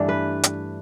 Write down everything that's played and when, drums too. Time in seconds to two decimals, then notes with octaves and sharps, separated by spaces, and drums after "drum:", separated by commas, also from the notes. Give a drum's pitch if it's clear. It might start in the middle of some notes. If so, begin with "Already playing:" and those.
Already playing: G2 E3 A3 D4
0.09 B4
0.43 drum: hi-hat